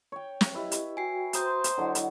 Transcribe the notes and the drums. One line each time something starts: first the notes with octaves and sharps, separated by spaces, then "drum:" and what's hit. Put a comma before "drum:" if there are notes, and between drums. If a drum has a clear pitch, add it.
C#5 G5
drum: snare
E4 G4 B4 D#5 E5
drum: hi-hat
F#4 G5 G#5 C7
C5 A#5 D#6 G6, drum: hi-hat
drum: hi-hat
D3 F#3 E4 D#5 F#5
drum: hi-hat